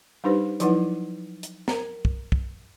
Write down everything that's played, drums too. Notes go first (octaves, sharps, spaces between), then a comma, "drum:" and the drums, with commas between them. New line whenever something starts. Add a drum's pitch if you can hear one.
G3 D4 D#4 G4 B4 C5
F3 F#3 D#4 E4 B4 F#5, drum: hi-hat
drum: hi-hat
A#4 A#5, drum: snare
drum: kick
drum: kick